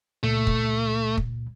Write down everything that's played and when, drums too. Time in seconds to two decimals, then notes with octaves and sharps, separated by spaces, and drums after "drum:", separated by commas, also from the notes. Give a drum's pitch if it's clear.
0.23 C#2 A#2 A3
0.47 drum: kick
1.17 drum: kick